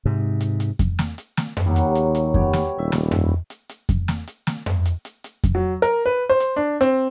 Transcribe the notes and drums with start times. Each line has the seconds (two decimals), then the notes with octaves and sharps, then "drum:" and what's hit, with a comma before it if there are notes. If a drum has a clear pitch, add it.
0.05 G#2 C3
0.41 drum: hi-hat
0.60 drum: hi-hat
0.79 drum: kick F2, hi-hat
0.99 drum: snare
1.18 drum: hi-hat
1.37 drum: snare
1.57 drum: tom F2
1.66 D#2 A#2 F#3 G3
1.76 drum: hi-hat
1.95 drum: hi-hat
2.15 drum: hi-hat
2.34 B3 G4 C#5, drum: kick F2
2.53 drum: snare
2.78 D#1 E5
2.92 drum: snare
3.11 drum: tom F2
3.50 drum: hi-hat
3.69 drum: hi-hat
3.89 drum: kick F2, hi-hat
4.08 drum: snare
4.27 drum: hi-hat
4.47 drum: snare
4.66 drum: tom F2
4.86 drum: hi-hat
5.05 drum: hi-hat
5.24 drum: hi-hat
5.44 drum: kick F2, hi-hat
5.55 F#3
5.82 A#4, drum: hi-hat
6.06 B4
6.29 C5
6.40 drum: hi-hat
6.56 D4
6.81 C4, drum: hi-hat